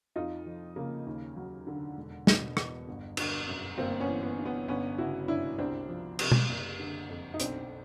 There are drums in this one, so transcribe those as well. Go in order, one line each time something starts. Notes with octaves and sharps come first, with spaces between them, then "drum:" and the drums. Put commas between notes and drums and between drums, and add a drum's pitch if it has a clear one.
F2 D#4 F4
F3
C#3 A#3
D#2
F#3
D3
E1
B2, drum: snare
E2, drum: rim click
G1
D3, drum: cymbal
F#2
G1 A#3 C4
B3 C#4
E3
B3
G2
B3
G1 B3 C#4
C#3 E4 F#4
F#2 D4 E4
C2 C4 D4
F3
C3, drum: cymbal
drum: tom
F#1
D3
F2
D#4
B1 C4 D4, drum: hi-hat